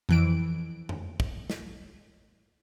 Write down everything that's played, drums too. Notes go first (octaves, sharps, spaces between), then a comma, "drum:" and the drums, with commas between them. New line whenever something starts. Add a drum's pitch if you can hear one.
F2 E3 D7
drum: tom F2
drum: kick
drum: snare